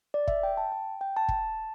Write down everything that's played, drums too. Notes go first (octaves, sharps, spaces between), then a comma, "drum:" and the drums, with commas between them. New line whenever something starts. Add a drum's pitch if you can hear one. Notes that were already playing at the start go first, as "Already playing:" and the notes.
D5
E5, drum: kick
G5
A5
G5
G5
A5
drum: kick